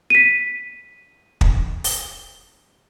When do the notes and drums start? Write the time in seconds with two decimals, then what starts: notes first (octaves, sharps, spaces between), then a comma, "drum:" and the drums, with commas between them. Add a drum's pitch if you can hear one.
0.10 B6 D#7
1.41 drum: kick
1.84 drum: open hi-hat